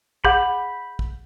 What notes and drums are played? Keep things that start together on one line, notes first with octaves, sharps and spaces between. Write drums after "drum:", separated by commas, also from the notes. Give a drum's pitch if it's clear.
G#4 F#5 B5 G6, drum: kick
drum: kick